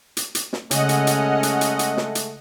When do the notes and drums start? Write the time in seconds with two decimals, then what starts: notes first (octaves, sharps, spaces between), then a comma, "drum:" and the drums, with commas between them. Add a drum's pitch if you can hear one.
0.17 drum: hi-hat
0.35 drum: hi-hat
0.53 drum: snare
0.71 C#3 G#3 A3 C#4 D#5 F#5, drum: hi-hat
0.89 drum: hi-hat
1.07 drum: hi-hat
1.43 drum: hi-hat
1.61 drum: hi-hat
1.79 drum: hi-hat
1.97 drum: snare
2.15 drum: hi-hat